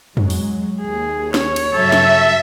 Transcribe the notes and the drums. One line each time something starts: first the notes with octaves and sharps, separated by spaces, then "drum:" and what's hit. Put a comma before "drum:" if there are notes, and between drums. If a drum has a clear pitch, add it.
F#3 G#3, drum: tom
drum: open hi-hat
D#2 G#4
C#5, drum: snare
drum: cymbal
G2 C#3 F#3 A4 E5
drum: snare